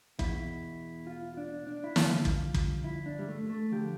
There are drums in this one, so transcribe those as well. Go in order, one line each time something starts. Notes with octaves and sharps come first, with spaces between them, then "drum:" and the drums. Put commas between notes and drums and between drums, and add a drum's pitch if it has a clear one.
E2 B2 E4, drum: kick
F4
D4
D4
E4
G2 D3 F3 F4, drum: snare
drum: kick
drum: kick
E4
D4
G3
A3
A3
D3 F3 G4